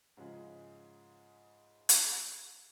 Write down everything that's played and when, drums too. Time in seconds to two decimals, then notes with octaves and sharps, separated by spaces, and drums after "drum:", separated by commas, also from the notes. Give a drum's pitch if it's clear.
0.17 G#2 C#3 F3 G#3
1.89 drum: hi-hat